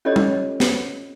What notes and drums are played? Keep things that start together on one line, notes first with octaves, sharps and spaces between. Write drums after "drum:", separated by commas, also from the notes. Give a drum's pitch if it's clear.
C#4 F4 G4 A4 C#5 D#5
drum: tom
drum: snare